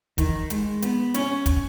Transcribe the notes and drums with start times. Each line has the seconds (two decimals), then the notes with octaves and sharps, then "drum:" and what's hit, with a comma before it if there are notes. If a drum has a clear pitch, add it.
0.18 D#3, drum: kick, hi-hat
0.50 G#3, drum: hi-hat
0.82 B3, drum: hi-hat
1.14 C#4, drum: hi-hat
1.46 drum: kick, hi-hat